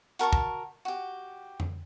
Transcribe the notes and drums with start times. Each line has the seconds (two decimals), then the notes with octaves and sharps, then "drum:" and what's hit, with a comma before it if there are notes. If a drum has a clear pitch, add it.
0.19 F#4 A#4 A5 C#6, drum: hi-hat
0.33 drum: kick
0.85 F#4 G4
1.60 drum: tom F2